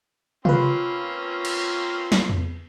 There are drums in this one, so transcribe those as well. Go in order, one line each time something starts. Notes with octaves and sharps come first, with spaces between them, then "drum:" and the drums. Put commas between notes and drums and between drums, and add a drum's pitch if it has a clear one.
A#3 C4 C#4 F4 B4, drum: tom C3
drum: cymbal
drum: snare
drum: tom E2